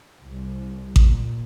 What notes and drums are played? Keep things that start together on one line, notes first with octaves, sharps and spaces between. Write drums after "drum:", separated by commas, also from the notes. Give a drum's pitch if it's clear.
C2
A#2, drum: kick A1